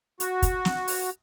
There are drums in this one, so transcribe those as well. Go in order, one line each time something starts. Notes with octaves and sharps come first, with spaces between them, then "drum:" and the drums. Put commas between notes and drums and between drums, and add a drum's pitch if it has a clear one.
F#4, drum: hi-hat
drum: kick, hi-hat
drum: snare
drum: open hi-hat